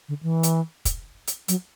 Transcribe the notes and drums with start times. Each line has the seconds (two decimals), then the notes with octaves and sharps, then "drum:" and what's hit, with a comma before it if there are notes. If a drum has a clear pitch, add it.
0.09 D3
0.23 E3
0.43 drum: hi-hat
0.85 drum: kick, hi-hat
1.27 drum: hi-hat
1.48 F#3, drum: hi-hat